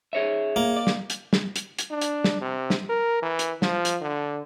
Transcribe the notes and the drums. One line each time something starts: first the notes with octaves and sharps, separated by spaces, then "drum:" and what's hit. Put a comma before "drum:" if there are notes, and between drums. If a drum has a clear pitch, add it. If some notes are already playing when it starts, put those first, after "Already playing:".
G#4 C#5 E5
A#3
D5
drum: snare
drum: hi-hat
drum: snare
drum: hi-hat
drum: hi-hat
D4
drum: hi-hat
drum: snare
C3
drum: snare
A#4
E3
drum: hi-hat
F3, drum: snare
drum: hi-hat
D3